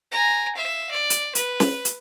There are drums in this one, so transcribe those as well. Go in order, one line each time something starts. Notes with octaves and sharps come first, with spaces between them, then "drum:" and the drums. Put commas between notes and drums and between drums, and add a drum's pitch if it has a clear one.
G#5 A#5
E5 F5
D5
drum: hi-hat
B4, drum: hi-hat
drum: snare
drum: hi-hat